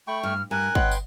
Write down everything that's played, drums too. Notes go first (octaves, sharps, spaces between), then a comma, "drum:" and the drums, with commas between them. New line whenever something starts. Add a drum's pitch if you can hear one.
A3 G5 B5 C#6
G2 F6
G2 A#4 G#5 F#6
B4 C#5 D#5 F#5 G5 C6, drum: kick
drum: tambourine